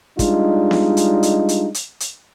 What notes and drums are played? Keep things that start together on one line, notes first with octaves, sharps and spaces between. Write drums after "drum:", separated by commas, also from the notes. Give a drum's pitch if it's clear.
G3 G#3 D4 D#4 F4, drum: kick, hi-hat
drum: snare B3
drum: hi-hat
drum: hi-hat
drum: hi-hat
drum: hi-hat
drum: hi-hat